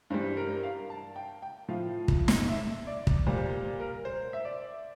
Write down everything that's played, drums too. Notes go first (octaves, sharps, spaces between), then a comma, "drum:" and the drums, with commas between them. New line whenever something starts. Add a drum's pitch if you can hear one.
G2 E3 G3 C5
A#4
F5
A5
G5
G5
A2 F3 F5
drum: kick
drum: snare
E5
D5
drum: kick
A#2 G3 C5
A#4
C5
E5
D5